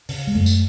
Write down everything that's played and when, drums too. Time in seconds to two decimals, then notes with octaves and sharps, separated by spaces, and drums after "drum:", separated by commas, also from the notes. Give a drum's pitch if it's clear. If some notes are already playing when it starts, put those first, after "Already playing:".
0.09 C#3, drum: open hi-hat
0.27 G#3
0.35 F#2 A3
0.46 drum: tambourine